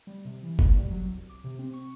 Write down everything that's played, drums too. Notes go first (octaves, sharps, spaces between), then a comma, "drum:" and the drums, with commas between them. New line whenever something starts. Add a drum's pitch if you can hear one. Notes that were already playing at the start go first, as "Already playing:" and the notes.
G3
C3
E3
B2, drum: kick F#1
G3
F#3
C2
D6
C3
C4
C#6